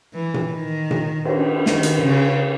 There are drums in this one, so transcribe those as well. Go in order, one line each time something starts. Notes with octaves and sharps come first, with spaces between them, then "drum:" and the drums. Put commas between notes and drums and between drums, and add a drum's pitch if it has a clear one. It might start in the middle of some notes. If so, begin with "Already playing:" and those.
E3
drum: tom A#2
D#3
drum: tom A#2
drum: cymbal
D#3, drum: snare
drum: hi-hat
C#3